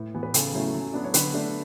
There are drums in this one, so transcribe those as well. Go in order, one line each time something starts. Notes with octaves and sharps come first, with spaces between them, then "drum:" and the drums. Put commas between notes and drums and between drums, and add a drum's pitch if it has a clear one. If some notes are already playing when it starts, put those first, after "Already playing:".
Already playing: A2 B4
E3 B3
B4
C#3 A4, drum: hi-hat
F#3 A3 C#4 E4
F#3
B3 D4
C#5
D3 B4, drum: hi-hat
A3 D4